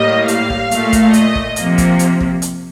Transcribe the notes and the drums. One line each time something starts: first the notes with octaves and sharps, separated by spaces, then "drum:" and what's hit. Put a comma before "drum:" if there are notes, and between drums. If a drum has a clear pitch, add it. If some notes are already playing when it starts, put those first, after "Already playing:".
Already playing: A2 G3 A#3 D#5
F5, drum: hi-hat
drum: kick
A#2 A3, drum: hi-hat
drum: kick, hi-hat
D#5, drum: hi-hat
drum: kick
C3 F3 A#3, drum: hi-hat
drum: kick, hi-hat
drum: hi-hat
drum: kick
drum: hi-hat